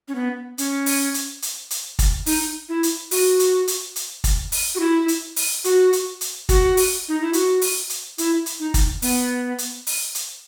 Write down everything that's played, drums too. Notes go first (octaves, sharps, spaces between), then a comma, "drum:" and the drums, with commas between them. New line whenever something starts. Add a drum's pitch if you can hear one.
C#4
B3
C#4, drum: hi-hat
drum: open hi-hat
drum: hi-hat
drum: hi-hat
drum: hi-hat
drum: kick, hi-hat
D#4, drum: open hi-hat
E4
drum: hi-hat
F#4, drum: open hi-hat
drum: hi-hat
drum: hi-hat
drum: hi-hat
drum: kick, hi-hat
drum: open hi-hat
F#4
E4
drum: hi-hat
drum: open hi-hat
F#4, drum: hi-hat
drum: hi-hat
drum: hi-hat
F#4, drum: kick, hi-hat
drum: open hi-hat
D#4
E4
F#4, drum: hi-hat
drum: open hi-hat
drum: hi-hat
E4, drum: hi-hat
drum: hi-hat
D#4
drum: kick, hi-hat
B3, drum: open hi-hat
drum: hi-hat
drum: open hi-hat
drum: hi-hat